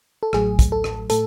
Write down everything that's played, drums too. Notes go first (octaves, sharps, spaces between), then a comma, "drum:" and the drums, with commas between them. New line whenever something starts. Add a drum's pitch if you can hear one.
A4
A1 A2 F#3 G#4, drum: rim click
drum: kick, hi-hat
A4
drum: rim click
A2 A4, drum: hi-hat